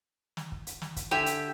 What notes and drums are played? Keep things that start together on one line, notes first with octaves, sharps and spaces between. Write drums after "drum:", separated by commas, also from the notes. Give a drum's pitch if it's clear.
drum: snare
drum: kick
drum: hi-hat
drum: snare
drum: kick, hi-hat
D3 G4 E5 G#5
drum: hi-hat